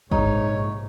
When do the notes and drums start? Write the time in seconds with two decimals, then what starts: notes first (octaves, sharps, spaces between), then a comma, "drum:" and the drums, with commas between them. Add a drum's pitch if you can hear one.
0.11 A#1 G#2 C3 D#4 C#5, drum: kick